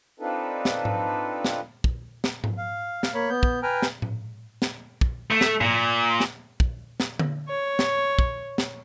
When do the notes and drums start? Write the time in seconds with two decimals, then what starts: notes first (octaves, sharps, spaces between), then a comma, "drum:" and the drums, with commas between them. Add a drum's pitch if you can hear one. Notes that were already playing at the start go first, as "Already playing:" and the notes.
0.20 C4 D4 D#4 F4 A4 B4
0.65 drum: snare
0.85 drum: tom G#2
1.45 drum: snare
1.84 drum: kick
2.24 drum: snare
2.44 drum: tom G#2
2.58 F5
3.03 drum: snare
3.14 A#3 C#5 B5
3.30 B3 G6
3.43 drum: kick
3.63 B4 G5 G#5 A#5 F6
3.82 drum: snare
4.02 drum: tom A2
4.62 drum: snare
5.01 drum: kick
5.31 A3
5.41 drum: snare
5.61 A#2, drum: tom G#2
6.20 drum: snare
6.60 drum: kick
7.00 drum: snare
7.19 drum: tom D3
7.48 C#5
7.79 drum: snare
8.19 drum: kick
8.58 drum: snare